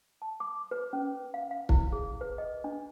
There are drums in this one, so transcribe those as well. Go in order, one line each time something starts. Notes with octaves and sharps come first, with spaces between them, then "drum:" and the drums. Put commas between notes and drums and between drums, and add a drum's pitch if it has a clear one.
A5
D6
B4
C#4
F5
F5
E4, drum: kick
G#4
B4
D#5
D4